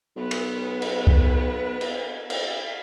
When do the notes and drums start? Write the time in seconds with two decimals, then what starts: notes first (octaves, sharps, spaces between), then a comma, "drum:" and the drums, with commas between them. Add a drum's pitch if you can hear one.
0.17 B1 B3 B4
0.31 drum: cymbal
0.82 drum: cymbal
1.07 drum: kick C2
1.81 drum: cymbal
2.30 drum: cymbal